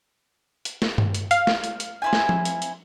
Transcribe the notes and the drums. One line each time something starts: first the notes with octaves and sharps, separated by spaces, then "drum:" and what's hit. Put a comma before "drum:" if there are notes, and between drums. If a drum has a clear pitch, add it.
drum: hi-hat
drum: snare
drum: tom G2
drum: hi-hat
F5, drum: hi-hat
drum: snare
drum: hi-hat
drum: hi-hat
C4 E4 G#5
drum: snare
drum: tom F3
drum: hi-hat
drum: hi-hat